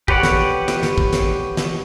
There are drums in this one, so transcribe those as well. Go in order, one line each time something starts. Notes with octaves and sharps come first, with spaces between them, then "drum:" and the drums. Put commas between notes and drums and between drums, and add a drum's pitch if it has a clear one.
G4 B4 C#5 D5 F#5, drum: kick
drum: snare
drum: snare
drum: snare
drum: kick
drum: snare
drum: snare